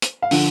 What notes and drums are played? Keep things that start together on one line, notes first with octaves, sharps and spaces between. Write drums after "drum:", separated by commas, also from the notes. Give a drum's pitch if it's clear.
drum: hi-hat
F5
D3 F3 F#5, drum: open hi-hat